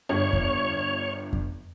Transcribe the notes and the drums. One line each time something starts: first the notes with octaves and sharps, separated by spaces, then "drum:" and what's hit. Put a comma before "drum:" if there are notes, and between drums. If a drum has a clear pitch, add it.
G1 G2 C#5
drum: kick F2
drum: kick F2